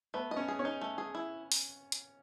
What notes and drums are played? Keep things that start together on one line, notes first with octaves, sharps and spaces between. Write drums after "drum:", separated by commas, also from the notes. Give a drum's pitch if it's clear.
A3 B3 B4
D#5
C#4 C#5
G#4
C#4 C#5
D#4
A3
G#4
E4
drum: open hi-hat
drum: hi-hat